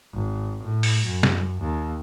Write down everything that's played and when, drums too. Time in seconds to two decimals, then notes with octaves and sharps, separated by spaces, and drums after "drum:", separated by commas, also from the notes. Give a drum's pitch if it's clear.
0.13 G#1
0.64 A2
0.83 drum: open hi-hat
1.05 F#2
1.23 drum: snare
1.61 D#2